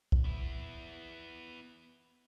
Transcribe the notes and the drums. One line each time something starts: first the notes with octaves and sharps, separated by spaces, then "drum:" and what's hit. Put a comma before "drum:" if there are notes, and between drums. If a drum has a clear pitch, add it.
drum: kick
B3 E4